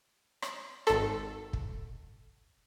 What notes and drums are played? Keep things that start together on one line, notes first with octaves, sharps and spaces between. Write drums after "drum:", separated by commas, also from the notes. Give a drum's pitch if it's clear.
drum: rim click
G#1 A4, drum: rim click
drum: kick